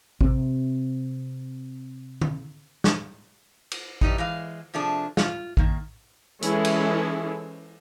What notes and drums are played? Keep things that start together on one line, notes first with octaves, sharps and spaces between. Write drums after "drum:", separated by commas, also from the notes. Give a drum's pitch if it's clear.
C3 C4, drum: kick A1
drum: tom D3
drum: snare
drum: cymbal
E3 G3 D#4, drum: kick A1
E3 G#3 F5
C3 F3 A3 D4 G#4
F4, drum: snare
D#3 A#3, drum: kick A1
E3 G#3 C#4 E4 G#4 A4, drum: hi-hat
drum: cymbal